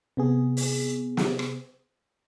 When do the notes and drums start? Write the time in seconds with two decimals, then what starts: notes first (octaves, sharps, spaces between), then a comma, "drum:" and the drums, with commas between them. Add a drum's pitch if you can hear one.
0.17 C3 B3 G#4
0.57 drum: open hi-hat
1.17 drum: snare
1.39 drum: rim click